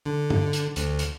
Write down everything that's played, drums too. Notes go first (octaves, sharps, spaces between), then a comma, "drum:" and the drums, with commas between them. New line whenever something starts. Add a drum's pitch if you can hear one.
D3
drum: tom
drum: hi-hat
D2, drum: hi-hat
drum: hi-hat